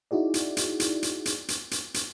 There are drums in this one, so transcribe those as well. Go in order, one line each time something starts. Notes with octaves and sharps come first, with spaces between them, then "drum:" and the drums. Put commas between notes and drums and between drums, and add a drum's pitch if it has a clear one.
D#4 E4 F#4 G#4 D5
drum: hi-hat
drum: hi-hat
drum: hi-hat
drum: hi-hat
drum: hi-hat
drum: hi-hat
drum: hi-hat
drum: hi-hat